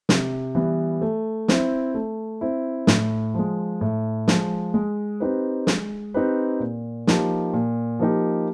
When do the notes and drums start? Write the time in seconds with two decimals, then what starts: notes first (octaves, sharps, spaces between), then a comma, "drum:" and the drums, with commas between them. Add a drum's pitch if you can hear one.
0.09 C3, drum: snare
0.55 E3 G3 B3
1.02 A3
1.48 C4 E4, drum: snare
1.94 A3
2.41 C4 E4
2.87 A2, drum: snare
3.34 F3 G#3
3.81 A2
4.28 F3 G#3, drum: snare
4.74 G#3
5.20 C4 D#4 G4 B4
5.67 G#3, drum: snare
6.14 C4 D#4 G4 B4
6.60 A#2
7.07 F3 A#3 D#4 G4, drum: snare
7.54 A#2
7.99 F3 A#3 D#4 G4